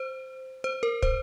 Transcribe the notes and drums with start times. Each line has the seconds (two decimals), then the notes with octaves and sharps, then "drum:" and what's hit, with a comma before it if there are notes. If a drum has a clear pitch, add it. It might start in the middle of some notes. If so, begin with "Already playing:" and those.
Already playing: C5
0.64 C5
0.83 A#4
1.02 C5, drum: kick